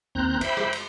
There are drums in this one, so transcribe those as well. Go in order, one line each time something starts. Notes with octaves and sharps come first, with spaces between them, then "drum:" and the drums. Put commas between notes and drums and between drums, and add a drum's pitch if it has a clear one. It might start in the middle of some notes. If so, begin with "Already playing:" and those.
D#2 C4 A#5 F#6 G6
C5 E5 G5 B5, drum: cymbal
drum: rim click
drum: cymbal